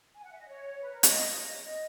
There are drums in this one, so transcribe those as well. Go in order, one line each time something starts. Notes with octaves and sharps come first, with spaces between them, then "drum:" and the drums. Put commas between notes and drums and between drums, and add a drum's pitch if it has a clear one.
G#5
F#5
E5
D#5
C#5
B4
A#4
D#5, drum: hi-hat
D#5
C#5
D#5